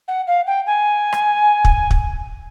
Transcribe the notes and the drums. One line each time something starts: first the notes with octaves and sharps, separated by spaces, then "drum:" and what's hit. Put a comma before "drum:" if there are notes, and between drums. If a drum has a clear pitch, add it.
F#5
F5
G5
G#5
drum: rim click
drum: kick
drum: kick